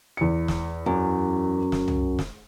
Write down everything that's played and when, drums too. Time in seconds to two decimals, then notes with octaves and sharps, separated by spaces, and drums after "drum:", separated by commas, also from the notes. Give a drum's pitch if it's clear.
0.17 E2 C#7
0.48 drum: snare
0.86 F#2
1.72 drum: snare
1.88 drum: tom C2
2.19 drum: snare